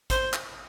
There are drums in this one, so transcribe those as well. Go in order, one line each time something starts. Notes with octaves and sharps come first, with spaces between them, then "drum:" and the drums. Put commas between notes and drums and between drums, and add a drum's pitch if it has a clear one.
C5, drum: kick, hi-hat
drum: clap